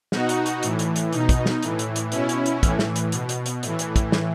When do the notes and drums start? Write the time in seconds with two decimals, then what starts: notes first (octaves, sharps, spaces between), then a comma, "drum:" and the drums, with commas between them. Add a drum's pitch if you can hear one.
0.12 B2 D#4 F#4, drum: snare
0.29 drum: hi-hat
0.46 drum: hi-hat
0.63 A2 E3, drum: hi-hat
0.79 drum: hi-hat
0.96 drum: hi-hat
1.13 B2 D#4, drum: hi-hat
1.29 drum: kick, hi-hat
1.46 drum: snare
1.63 A2 E3, drum: hi-hat
1.79 drum: hi-hat
1.96 drum: hi-hat
2.12 B2 C#4 E4, drum: hi-hat
2.29 drum: hi-hat
2.46 drum: hi-hat
2.63 A2 E3, drum: kick, hi-hat
2.79 drum: snare
2.96 drum: hi-hat
3.12 B2, drum: hi-hat
3.29 drum: hi-hat
3.46 drum: hi-hat
3.63 A2 E3, drum: hi-hat
3.79 drum: hi-hat
3.96 drum: kick, hi-hat
4.12 drum: snare